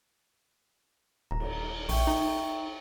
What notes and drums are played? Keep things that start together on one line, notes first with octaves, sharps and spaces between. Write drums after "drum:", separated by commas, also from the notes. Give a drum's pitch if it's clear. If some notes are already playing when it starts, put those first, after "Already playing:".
D#1 A#5
drum: cymbal
A#1 E5 G5 C#6, drum: open hi-hat
D#4